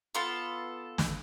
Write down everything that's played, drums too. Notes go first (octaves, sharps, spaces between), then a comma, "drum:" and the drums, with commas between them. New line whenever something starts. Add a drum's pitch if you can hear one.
B3 F4 A4
drum: snare